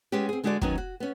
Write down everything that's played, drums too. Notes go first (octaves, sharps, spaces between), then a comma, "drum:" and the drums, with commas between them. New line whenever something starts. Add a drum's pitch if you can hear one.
G#3 B3 C#4 G4
C4 G#4
D3 G#3 E4 F#4 A4 D5
D#3 F#3 B3 C#4 D#4, drum: kick
F#4
B3 C#4